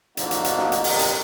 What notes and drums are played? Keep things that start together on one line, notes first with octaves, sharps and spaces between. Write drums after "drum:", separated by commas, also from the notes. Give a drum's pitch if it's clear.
D3 F3 A#3 D#4 F#4, drum: hi-hat
drum: hi-hat
drum: hi-hat
drum: snare
drum: hi-hat
G2 C3 D#3, drum: open hi-hat
drum: hi-hat